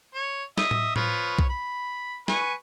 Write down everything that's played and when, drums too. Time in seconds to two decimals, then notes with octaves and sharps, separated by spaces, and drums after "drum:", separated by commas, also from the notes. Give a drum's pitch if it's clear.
0.14 C#5
0.58 D#5 E5 D#6, drum: snare
0.71 drum: tom A2
0.96 F3 B4 C#5, drum: tom A2
1.39 drum: kick B1
1.49 B5
2.28 B4 G#5 C#6, drum: snare